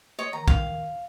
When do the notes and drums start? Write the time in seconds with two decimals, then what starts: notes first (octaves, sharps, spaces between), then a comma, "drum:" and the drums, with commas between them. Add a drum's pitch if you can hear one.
0.19 C#5 D#5
0.33 D#3 A#5
0.48 F5, drum: kick